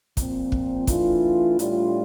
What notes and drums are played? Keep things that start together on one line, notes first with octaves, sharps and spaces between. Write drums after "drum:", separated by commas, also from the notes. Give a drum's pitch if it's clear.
A#2 F3 C4, drum: kick, hi-hat
drum: kick
E3 A3 D4 F4, drum: kick, hi-hat
A2 G3 D4 F4, drum: hi-hat